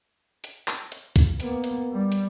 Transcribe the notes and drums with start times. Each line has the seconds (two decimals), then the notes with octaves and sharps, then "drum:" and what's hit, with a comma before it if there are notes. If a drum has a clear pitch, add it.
0.44 drum: hi-hat
0.68 drum: clap
0.92 drum: hi-hat
1.16 drum: kick C2, hi-hat
1.40 A#3 B3, drum: hi-hat
1.64 drum: hi-hat
1.93 G3
2.12 drum: hi-hat